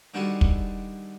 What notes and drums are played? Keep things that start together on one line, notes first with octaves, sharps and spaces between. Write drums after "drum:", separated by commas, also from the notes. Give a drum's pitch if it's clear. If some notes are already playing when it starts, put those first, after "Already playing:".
D3 D#3 G3 G#3 F#4 A4
drum: kick